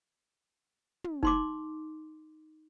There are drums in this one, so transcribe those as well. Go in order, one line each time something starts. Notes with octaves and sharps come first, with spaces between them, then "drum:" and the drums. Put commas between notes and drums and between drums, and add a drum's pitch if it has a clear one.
drum: tom
D#4 C6 D6, drum: kick F1